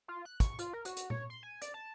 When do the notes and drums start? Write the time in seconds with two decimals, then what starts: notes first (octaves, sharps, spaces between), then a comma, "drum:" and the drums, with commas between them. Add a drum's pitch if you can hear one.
0.08 F4
0.25 F#6
0.40 C#6, drum: kick, hi-hat
0.59 F4, drum: hi-hat
0.73 A#4
0.85 F#4, drum: hi-hat
0.97 drum: hi-hat
1.10 C#5, drum: tom A#2
1.30 C6
1.43 G#5
1.62 D5, drum: hi-hat
1.74 A5